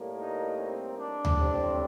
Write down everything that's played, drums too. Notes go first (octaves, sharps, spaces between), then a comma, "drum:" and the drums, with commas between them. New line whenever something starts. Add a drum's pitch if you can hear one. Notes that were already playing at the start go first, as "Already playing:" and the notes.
Already playing: A2 G3 A#3
D#4
C4
D4
drum: tom D2
A2 G3 C4